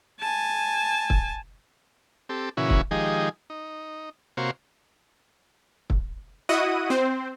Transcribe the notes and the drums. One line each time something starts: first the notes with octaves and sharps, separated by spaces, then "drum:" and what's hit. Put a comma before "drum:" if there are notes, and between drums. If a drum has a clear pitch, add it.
G#5 A5
drum: kick
C4 G4 A4
A#2 C#3 E3 C#4 E4 F#4
drum: kick
D#3 F3 G#3 D#4 G4 G#4
D#4
C3 A#3 F#4 C5 C#5 F5
drum: kick
E4 F#4 D#5 F#5 D#6 D#7
C4 C5